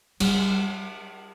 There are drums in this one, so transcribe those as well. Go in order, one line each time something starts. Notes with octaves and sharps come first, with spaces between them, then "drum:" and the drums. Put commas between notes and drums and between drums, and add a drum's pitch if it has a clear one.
G3, drum: cymbal